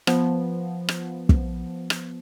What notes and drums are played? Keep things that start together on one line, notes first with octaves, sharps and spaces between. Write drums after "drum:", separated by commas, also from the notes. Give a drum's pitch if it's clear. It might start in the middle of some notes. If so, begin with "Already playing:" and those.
F3 B3, drum: rim click
drum: rim click
drum: kick
drum: rim click